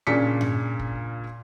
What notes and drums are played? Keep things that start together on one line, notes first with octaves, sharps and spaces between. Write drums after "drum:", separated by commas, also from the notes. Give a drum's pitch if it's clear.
A#2 C#3 C#4 D4 B6 C#7
drum: tom G2
drum: kick